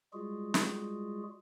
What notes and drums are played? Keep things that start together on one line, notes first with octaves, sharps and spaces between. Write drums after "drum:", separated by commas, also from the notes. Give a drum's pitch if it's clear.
G3 G#3 F4 F#4 G#4
drum: snare